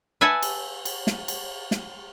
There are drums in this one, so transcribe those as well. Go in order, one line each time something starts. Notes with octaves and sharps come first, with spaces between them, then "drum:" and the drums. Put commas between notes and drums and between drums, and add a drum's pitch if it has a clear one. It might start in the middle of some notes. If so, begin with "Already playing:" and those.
B4 E5 F#5 G#5 A5
drum: cymbal
drum: cymbal
drum: snare
drum: cymbal
drum: snare